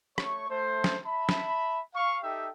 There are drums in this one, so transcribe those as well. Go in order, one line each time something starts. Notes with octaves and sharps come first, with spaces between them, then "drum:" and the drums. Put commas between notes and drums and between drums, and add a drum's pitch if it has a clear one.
A3 C#5 C#6, drum: rim click
A3 C5
drum: snare
E5 A5 B5
drum: snare
F5 C#6
D#4 G4 A4 E5 G5